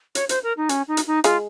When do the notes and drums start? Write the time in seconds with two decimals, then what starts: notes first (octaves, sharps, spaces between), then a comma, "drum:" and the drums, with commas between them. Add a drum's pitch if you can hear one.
0.15 C#5, drum: hi-hat
0.29 C5, drum: hi-hat
0.43 A#4
0.57 D#4
0.69 C#4, drum: hi-hat
0.88 D#4
0.97 drum: hi-hat
1.07 D#4
1.24 G#3 F4 G#4, drum: hi-hat